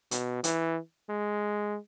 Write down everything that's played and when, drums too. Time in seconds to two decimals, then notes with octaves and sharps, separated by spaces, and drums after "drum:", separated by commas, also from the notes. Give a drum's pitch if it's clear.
0.11 B2, drum: hi-hat
0.44 E3, drum: hi-hat
1.09 G#3